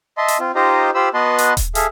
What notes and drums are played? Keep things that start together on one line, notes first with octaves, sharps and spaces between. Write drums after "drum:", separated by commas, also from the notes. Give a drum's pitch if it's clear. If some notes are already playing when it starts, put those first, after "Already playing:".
D#5 E5 A5 C6
drum: hi-hat
C4 F4
D#4 F4 G4 C5 D#5 A#5
F4 G4 C5 B5 E6
B3 F#4 B4 D#5 A5 C6
drum: hi-hat
drum: kick D#1, hi-hat
G#4 A4 E5 F5, drum: hi-hat